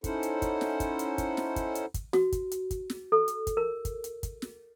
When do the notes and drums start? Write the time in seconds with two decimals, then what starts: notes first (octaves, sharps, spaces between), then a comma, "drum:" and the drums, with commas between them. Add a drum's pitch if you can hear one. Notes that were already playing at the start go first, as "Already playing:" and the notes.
0.04 C#4 D#4 E4 A4 C5 F#5, drum: kick, hi-hat
0.23 drum: hi-hat
0.42 drum: kick, hi-hat
0.61 drum: snare
0.80 drum: kick, hi-hat
0.99 drum: hi-hat
1.18 drum: kick, hi-hat
1.37 drum: snare
1.56 drum: kick, hi-hat
1.75 drum: hi-hat
1.94 drum: kick, hi-hat
2.13 F#4, drum: snare
2.32 drum: kick, hi-hat
2.51 drum: hi-hat
2.71 drum: kick, hi-hat
2.90 drum: snare
3.12 A4
3.28 drum: hi-hat
3.47 drum: kick, hi-hat
3.57 A#4
3.85 drum: kick, hi-hat
4.04 drum: hi-hat
4.23 drum: kick, hi-hat
4.42 drum: snare